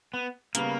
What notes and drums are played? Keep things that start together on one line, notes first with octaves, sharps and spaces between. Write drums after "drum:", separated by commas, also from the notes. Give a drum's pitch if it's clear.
B3
C#3 G3 A#3 B3, drum: hi-hat